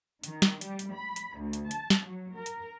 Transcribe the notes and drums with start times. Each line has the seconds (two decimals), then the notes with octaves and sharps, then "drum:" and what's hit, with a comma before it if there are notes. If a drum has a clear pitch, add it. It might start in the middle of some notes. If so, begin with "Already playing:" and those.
0.24 D#3, drum: hi-hat
0.42 drum: snare
0.61 G3, drum: hi-hat
0.79 drum: hi-hat
0.93 B5
1.16 drum: hi-hat
1.38 D2
1.53 drum: hi-hat
1.71 A5, drum: hi-hat
1.90 drum: snare
2.05 F#3
2.35 A#4
2.46 drum: hi-hat